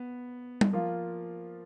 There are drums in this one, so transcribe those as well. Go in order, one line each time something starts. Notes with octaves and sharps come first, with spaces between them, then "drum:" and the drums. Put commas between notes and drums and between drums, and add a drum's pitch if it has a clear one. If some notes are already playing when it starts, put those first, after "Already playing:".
Already playing: B3
drum: tom G3
F3 A#3 F4